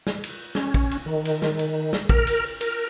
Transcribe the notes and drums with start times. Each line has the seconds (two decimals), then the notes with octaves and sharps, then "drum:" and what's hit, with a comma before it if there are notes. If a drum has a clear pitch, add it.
0.07 drum: snare
0.24 drum: cymbal
0.55 C#4, drum: snare
0.74 drum: kick
0.91 drum: cymbal
1.06 D#3
1.25 drum: cymbal
1.42 drum: snare
1.59 drum: cymbal
1.93 drum: snare
2.09 A#4, drum: kick
2.27 drum: cymbal
2.61 A#4, drum: cymbal